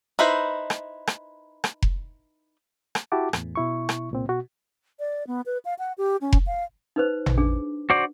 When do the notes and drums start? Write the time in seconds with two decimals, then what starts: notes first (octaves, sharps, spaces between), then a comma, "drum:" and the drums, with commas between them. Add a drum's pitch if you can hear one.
0.19 D#4 E4 B4 C5
0.70 drum: rim click
1.07 drum: rim click
1.64 drum: rim click
1.82 drum: kick F1
2.95 drum: rim click
3.12 E4 F#4 G4 F#5 A5 D6
3.33 E2 A2 E3, drum: rim click
3.56 B2 E4 C#6
3.89 drum: rim click
4.11 C2 A#2 C4
4.26 B2 F#4
5.00 D5
5.27 B3
5.46 B4
5.65 F5
5.79 F#5
5.98 G4
6.21 C#4
6.33 drum: kick F1
6.47 F5
6.96 D#4 B4 C5
7.26 drum: tom A1
7.38 D4 G#4
7.90 F#4 C5 D5